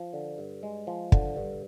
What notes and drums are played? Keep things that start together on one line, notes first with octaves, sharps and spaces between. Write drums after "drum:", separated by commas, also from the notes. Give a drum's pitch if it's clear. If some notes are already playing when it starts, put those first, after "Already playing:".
Already playing: F3
D3
G2
G#3
F3
D3, drum: kick
G2